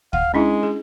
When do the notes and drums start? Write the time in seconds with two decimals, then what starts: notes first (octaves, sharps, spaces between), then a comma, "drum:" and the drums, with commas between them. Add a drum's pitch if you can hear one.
0.13 F5 F#5, drum: kick
0.34 G#3 C#4 D4 E4
0.63 G#4